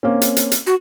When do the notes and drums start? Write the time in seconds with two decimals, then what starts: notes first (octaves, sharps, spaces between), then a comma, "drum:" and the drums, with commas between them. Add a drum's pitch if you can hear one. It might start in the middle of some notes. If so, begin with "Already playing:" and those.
0.03 A#3 C4 C#4
0.22 drum: hi-hat
0.37 drum: hi-hat
0.52 drum: hi-hat
0.66 F#4